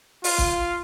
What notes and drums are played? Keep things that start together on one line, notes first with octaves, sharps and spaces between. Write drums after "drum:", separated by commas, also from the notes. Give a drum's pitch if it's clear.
F4, drum: open hi-hat
drum: kick